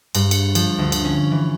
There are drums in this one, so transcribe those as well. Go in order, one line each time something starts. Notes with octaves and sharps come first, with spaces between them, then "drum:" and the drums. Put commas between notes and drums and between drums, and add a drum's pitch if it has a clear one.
G2, drum: cymbal
C#7, drum: cymbal
F3, drum: cymbal
D2
drum: cymbal
C#4
E3